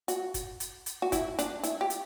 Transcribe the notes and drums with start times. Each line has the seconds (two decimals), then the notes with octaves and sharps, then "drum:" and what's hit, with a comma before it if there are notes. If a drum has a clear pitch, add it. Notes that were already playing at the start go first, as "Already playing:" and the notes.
0.08 F#4, drum: hi-hat
0.34 drum: kick, hi-hat
0.60 drum: hi-hat
0.86 drum: hi-hat
1.02 F#4
1.12 E4, drum: kick, hi-hat
1.39 D4, drum: hi-hat
1.63 E4, drum: hi-hat
1.81 G4
1.90 drum: hi-hat